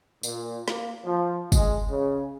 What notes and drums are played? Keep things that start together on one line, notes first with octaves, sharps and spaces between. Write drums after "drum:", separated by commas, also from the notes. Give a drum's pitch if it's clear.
A#2, drum: tambourine
A#3, drum: snare
F3
G#3, drum: kick, tambourine
C#3